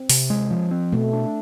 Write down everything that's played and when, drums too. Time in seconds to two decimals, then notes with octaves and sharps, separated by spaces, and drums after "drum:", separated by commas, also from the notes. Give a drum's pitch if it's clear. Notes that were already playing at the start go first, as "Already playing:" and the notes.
Already playing: C4
0.09 C3, drum: open hi-hat
0.30 G#3
0.51 F3
0.71 C4
0.92 B2 A3
1.13 D4